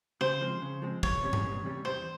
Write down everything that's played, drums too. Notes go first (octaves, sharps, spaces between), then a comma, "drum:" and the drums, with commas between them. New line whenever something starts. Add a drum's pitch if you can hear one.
C#3 C5
F3 G#3 C4
C#3
F3 G#3 C4
E2 C#5, drum: kick
C3 G3 C#4
drum: tom G2
E2
C3 G3 C#4
E2 C5